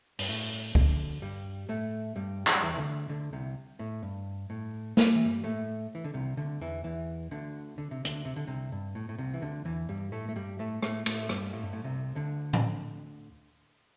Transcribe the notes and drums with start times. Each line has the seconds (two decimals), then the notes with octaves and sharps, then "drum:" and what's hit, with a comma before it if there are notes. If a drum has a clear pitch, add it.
0.19 G2, drum: open hi-hat
0.28 A2
0.75 D2 D3, drum: kick
1.22 G2 G3
1.69 A2 A3
2.16 G2 G3
2.47 E3, drum: clap
2.55 G3
2.63 E2 E3
2.74 E3
2.78 D2 D3
3.09 D2 D3
3.33 C2 C3
3.79 A2
4.03 G2
4.50 A2
4.97 A3, drum: snare
5.06 G3
5.15 E3
5.25 G2 G3
5.44 A2 A3
5.95 E3
6.04 D3
6.14 C2 C3
6.37 D2 D3
6.61 E2 E3
6.84 E2 E3
7.31 D2 D3
7.78 D3
7.91 C3
8.05 D2 D3, drum: hi-hat
8.25 C3
8.36 D3
8.47 C2 C3
8.72 G2
8.95 A2
9.09 A2
9.18 C2 C3
9.34 E3
9.42 D2 D3
9.65 E2 E3
9.89 G2 G3
10.12 A2 A3
10.29 A3
10.36 G2 G3
10.59 A2 A3
10.82 A2 A3, drum: rim click
11.06 A2 A3, drum: cymbal
11.29 G2 G3, drum: rim click
11.53 A2
11.63 G2
11.73 A2
11.84 C2 C3
12.15 D2 D3
12.53 drum: tom A2